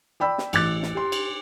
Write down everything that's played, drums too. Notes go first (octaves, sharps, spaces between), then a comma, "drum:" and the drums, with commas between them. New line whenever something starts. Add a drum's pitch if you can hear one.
D5 G5 B5 E6
drum: snare
A1 D6 F#6 A6, drum: cymbal
drum: snare
G4 C6
drum: cymbal